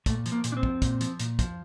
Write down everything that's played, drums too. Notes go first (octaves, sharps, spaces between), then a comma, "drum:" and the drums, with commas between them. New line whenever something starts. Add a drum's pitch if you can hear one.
A#2 A3, drum: kick, hi-hat
F3, drum: hi-hat
A#3
A#2, drum: hi-hat
D4
C4
F3, drum: kick
A#2, drum: kick, hi-hat
F3, drum: hi-hat
A#2, drum: hi-hat
F3, drum: kick, hi-hat